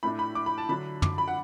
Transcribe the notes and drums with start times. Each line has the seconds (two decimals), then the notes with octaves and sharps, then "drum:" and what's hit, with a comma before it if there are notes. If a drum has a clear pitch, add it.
0.03 A2 A3 D4 B5
0.19 B5
0.35 D6
0.46 B5
0.58 A5
0.69 D3 F#3 D4 B5
1.02 D6, drum: tom
1.18 B5
1.28 F#5